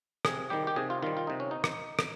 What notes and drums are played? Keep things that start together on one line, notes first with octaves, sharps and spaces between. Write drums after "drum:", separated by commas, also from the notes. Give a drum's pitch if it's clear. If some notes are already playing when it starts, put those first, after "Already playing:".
C3 G#4, drum: rim click
D#3 G3 G4
G4
C3 G#4
F4
D#3 G3 F4
F4
C3 D#4
C#4
D#4
drum: rim click
drum: rim click